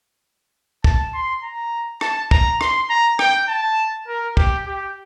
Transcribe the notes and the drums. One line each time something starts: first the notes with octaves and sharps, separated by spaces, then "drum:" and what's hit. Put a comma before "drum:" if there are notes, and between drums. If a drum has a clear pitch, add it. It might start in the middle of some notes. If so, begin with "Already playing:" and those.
A5, drum: kick
C6
A#5
A5, drum: rim click
A#5, drum: kick
C6, drum: rim click
A#5
G5, drum: rim click
A5
A#4
G4, drum: kick
G4